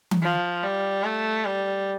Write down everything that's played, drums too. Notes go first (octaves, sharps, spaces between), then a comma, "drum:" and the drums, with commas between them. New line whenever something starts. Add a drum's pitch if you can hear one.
drum: tom E3
F3
G3
A3
G3